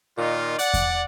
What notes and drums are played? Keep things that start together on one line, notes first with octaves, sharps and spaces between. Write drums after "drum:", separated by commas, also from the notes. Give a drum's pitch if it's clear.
A#2 D#3 D#4 F4
D5 F#5, drum: hi-hat
drum: kick E2, hi-hat